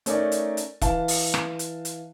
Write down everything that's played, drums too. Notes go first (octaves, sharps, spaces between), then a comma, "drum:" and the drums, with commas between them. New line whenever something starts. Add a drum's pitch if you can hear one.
A3 C#4 D#4 A#4 D5, drum: hi-hat
drum: hi-hat
drum: hi-hat
E3 F5 A5, drum: kick E1, hi-hat
drum: open hi-hat
drum: rim click
drum: hi-hat
drum: hi-hat